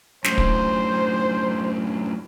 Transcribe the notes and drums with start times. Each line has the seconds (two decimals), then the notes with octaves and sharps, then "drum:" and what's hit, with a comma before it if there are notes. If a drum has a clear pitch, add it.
0.24 F#2 A2 C5, drum: snare
0.38 drum: kick